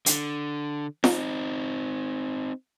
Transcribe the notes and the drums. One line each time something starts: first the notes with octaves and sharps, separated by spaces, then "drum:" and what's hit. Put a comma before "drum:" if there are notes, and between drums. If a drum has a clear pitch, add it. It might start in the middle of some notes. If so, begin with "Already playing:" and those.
D3, drum: hi-hat
C4 D#4, drum: snare